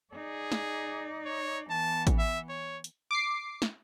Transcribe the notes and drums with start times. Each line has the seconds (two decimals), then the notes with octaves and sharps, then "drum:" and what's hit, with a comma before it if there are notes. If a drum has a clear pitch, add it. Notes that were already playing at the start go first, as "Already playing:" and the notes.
0.13 D#4 G#4 D5
0.52 drum: snare
1.26 C#5
1.70 E3 B3 A5
2.07 drum: kick A1, hi-hat
2.19 E5
2.49 C#5
2.84 drum: hi-hat
3.11 D6 C7
3.62 drum: snare